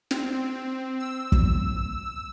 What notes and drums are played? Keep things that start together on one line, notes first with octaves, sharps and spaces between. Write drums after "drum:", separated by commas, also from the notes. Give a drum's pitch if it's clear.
C4, drum: snare
E6
drum: kick